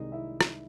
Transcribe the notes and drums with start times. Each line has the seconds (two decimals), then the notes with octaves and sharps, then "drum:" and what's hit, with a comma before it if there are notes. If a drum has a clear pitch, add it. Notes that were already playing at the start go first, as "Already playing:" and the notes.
Already playing: C2 C3 D#3 G#3 D#4 D#5
0.12 E4 E5
0.41 drum: rim click